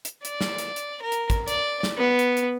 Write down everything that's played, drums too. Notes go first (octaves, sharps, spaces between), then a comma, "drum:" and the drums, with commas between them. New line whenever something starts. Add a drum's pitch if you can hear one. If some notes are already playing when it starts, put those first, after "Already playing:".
drum: hi-hat
D5, drum: hi-hat
drum: snare
drum: hi-hat
drum: hi-hat
A#4
drum: hi-hat
drum: kick, hi-hat
D5, drum: hi-hat
drum: snare
B3
drum: hi-hat
drum: hi-hat